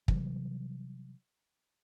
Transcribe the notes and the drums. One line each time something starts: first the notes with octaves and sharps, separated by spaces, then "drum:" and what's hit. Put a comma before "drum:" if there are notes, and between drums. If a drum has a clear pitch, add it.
C3 E3 F#3 G3, drum: kick